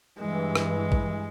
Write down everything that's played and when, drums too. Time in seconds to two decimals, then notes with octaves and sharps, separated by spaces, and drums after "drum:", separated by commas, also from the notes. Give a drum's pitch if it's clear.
0.19 G2 E3 G#3
0.56 drum: rim click
0.92 drum: kick